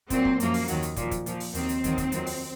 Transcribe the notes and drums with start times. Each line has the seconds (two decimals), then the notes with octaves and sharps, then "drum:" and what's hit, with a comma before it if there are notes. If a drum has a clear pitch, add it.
0.10 A#2 F#3 C4, drum: kick, hi-hat
0.25 drum: kick
0.40 F#2 F3 A#3, drum: hi-hat
0.54 drum: open hi-hat
0.68 D#2 D#3 F#3, drum: hi-hat
0.83 drum: hi-hat
0.96 A#2 F3, drum: kick, hi-hat
1.11 drum: kick, hi-hat
1.26 A#2 F3, drum: hi-hat
1.40 drum: open hi-hat
1.55 D#2 D#3 F#3 C4, drum: hi-hat
1.69 drum: hi-hat
1.84 D#2 D#3 F#3, drum: kick, hi-hat
1.98 drum: kick, hi-hat
2.12 F2 D#3 F#3, drum: hi-hat
2.26 drum: open hi-hat